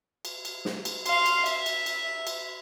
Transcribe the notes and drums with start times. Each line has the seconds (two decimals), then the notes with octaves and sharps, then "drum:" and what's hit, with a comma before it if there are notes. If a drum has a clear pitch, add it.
0.25 drum: cymbal
0.45 drum: cymbal
0.65 drum: snare
0.85 drum: cymbal
1.06 F5 C6, drum: cymbal
1.26 drum: cymbal
1.46 E5, drum: cymbal
1.66 drum: cymbal
1.86 drum: cymbal
2.27 drum: cymbal